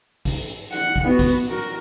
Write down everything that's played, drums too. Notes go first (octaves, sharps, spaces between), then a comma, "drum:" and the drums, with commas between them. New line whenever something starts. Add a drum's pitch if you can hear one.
drum: kick, open hi-hat
F#5, drum: hi-hat
drum: kick
B3 F#4
drum: kick, open hi-hat
F#4 A#4